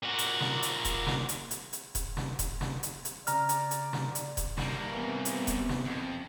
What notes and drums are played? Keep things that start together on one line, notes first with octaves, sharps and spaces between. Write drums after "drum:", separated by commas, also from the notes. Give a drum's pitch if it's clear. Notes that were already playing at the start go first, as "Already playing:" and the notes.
A#2 F#4
drum: hi-hat
drum: snare
drum: hi-hat
drum: kick D#1, hi-hat
drum: snare
drum: hi-hat
drum: hi-hat
drum: hi-hat
drum: kick D#1, hi-hat
drum: snare
drum: kick D#1, hi-hat
drum: snare
drum: hi-hat
drum: hi-hat
C#3 D5 A#5 F6, drum: hi-hat
drum: hi-hat
drum: hi-hat
drum: snare
drum: hi-hat
drum: kick D#1, hi-hat
G3 A#3, drum: snare
C3 E3 B3
drum: hi-hat
drum: kick D#1, hi-hat
drum: snare
F2